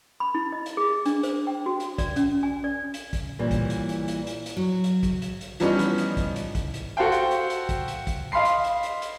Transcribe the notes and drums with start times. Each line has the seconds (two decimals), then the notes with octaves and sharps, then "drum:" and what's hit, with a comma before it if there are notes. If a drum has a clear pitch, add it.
0.20 B5
0.35 E4
0.52 D#5
0.66 drum: hi-hat
0.77 G#4
1.06 D4, drum: hi-hat
1.23 C5, drum: hi-hat
1.47 G5
1.66 F#4
1.80 drum: hi-hat
1.98 D5, drum: kick, hi-hat
2.16 C#4, drum: hi-hat
2.43 G#5
2.64 D5
2.94 drum: hi-hat
3.13 drum: kick, hi-hat
3.39 A#2 E3 G3 C#4
3.51 drum: kick, hi-hat
3.70 drum: hi-hat
3.89 drum: hi-hat
4.08 drum: hi-hat
4.27 drum: hi-hat
4.46 drum: hi-hat
4.57 F#3
4.84 drum: hi-hat
5.03 drum: kick, hi-hat
5.22 drum: hi-hat
5.41 drum: hi-hat
5.60 E3 F3 G3 B3 C#4 D#4, drum: hi-hat
5.79 drum: hi-hat
5.98 drum: hi-hat
6.17 drum: kick, hi-hat
6.36 drum: hi-hat
6.55 drum: kick, hi-hat
6.74 drum: hi-hat
6.97 F#4 A4 C5 F5 G5
7.12 drum: hi-hat
7.31 drum: hi-hat
7.50 drum: hi-hat
7.69 drum: kick, hi-hat
7.88 drum: hi-hat
8.07 drum: kick, hi-hat
8.32 D#5 F5 B5 C6 C7
8.45 drum: hi-hat
8.64 drum: hi-hat
8.83 drum: hi-hat
9.02 drum: hi-hat